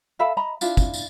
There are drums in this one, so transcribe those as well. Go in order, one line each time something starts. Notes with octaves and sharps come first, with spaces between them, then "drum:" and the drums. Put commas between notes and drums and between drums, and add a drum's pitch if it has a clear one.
A4 E5 F5 B5
D#5 A#5 B5
D4 E4 F4, drum: tambourine
drum: kick, tambourine
drum: tambourine